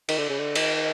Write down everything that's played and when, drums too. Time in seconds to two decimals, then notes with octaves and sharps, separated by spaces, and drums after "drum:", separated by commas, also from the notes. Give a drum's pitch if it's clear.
0.09 D#3, drum: cymbal
0.18 D3
0.29 C#3
0.39 D3
0.56 D#3, drum: cymbal